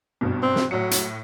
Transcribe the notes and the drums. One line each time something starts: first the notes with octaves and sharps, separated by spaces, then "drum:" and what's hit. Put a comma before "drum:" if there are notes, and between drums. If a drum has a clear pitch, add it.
G#1 G2 B2
C4
drum: snare
A2 F#3 C#7
drum: hi-hat